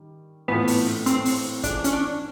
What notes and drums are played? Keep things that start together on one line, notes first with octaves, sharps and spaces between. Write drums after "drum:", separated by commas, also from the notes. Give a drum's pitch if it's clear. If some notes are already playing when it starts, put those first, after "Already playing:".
Already playing: D#3 G3
A2 E3 A3 B3 C4 F4
drum: open hi-hat
drum: snare
C4, drum: hi-hat
drum: open hi-hat
E3 G#3 C4 D4 F4 G#4, drum: kick, hi-hat
C#4, drum: hi-hat
D4